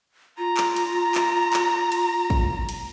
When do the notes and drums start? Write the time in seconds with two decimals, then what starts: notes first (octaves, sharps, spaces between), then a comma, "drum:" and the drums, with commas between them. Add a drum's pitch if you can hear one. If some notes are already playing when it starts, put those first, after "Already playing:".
0.38 F4 A#5
0.57 drum: clap
0.76 drum: cymbal
1.15 drum: clap
1.53 drum: clap
1.92 drum: cymbal
2.30 drum: kick
2.69 drum: cymbal